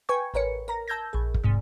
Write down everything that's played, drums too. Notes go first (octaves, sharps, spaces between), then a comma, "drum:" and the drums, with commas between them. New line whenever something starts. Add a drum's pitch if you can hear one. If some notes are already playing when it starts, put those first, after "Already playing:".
B4 G5 G#5 C#6 G#6
A1 A#4 B4 C#5 C#7
A#4 A#5 A#6
A5 E6 G6 G#6 A#6
A#1 G#4
drum: kick
D2 G#2 C3